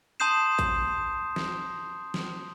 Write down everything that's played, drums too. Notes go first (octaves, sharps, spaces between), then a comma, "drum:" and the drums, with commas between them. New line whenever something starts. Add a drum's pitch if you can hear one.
A5 C6 D#6 G6 C7 E7
drum: kick, hi-hat
drum: snare
drum: snare